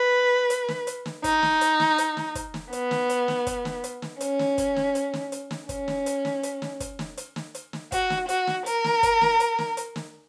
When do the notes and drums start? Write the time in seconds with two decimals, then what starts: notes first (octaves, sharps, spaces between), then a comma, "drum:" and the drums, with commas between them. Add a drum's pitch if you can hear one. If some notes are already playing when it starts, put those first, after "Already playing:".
Already playing: B4
0.50 drum: hi-hat
0.68 drum: snare
0.87 drum: hi-hat
1.06 drum: snare
1.24 D#4, drum: kick, hi-hat
1.43 drum: snare
1.61 drum: hi-hat
1.80 drum: snare
1.98 drum: hi-hat
2.17 drum: snare
2.35 drum: kick, hi-hat
2.54 drum: snare
2.73 B3, drum: hi-hat
2.91 drum: snare
3.10 drum: hi-hat
3.28 drum: snare
3.47 drum: kick, hi-hat
3.65 drum: snare
3.84 drum: hi-hat
4.02 drum: snare
4.21 C#4, drum: hi-hat
4.39 drum: snare
4.58 drum: kick, hi-hat
4.76 drum: snare
4.95 drum: hi-hat
5.13 drum: snare
5.32 drum: hi-hat
5.51 drum: snare
5.69 C#4, drum: kick, hi-hat
5.88 drum: snare
6.06 drum: hi-hat
6.25 drum: snare
6.43 drum: hi-hat
6.62 drum: snare
6.80 drum: kick, hi-hat
6.99 drum: snare
7.17 drum: hi-hat
7.36 drum: snare
7.55 drum: hi-hat
7.73 drum: snare
7.92 F#4, drum: kick, hi-hat
8.10 drum: snare
8.29 F#4, drum: hi-hat
8.47 drum: snare
8.66 A#4, drum: hi-hat
8.84 drum: snare
9.03 drum: kick, hi-hat
9.21 drum: snare
9.40 drum: hi-hat
9.59 drum: snare
9.77 drum: hi-hat
9.96 drum: snare